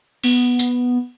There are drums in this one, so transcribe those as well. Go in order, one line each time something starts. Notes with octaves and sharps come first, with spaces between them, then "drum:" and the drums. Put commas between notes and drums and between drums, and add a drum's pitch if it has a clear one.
B3, drum: cymbal
drum: tambourine